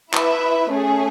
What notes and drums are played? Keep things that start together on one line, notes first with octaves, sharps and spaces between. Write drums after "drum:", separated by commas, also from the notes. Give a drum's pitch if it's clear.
E4 B4 E5, drum: clap
A3 C#4 G#4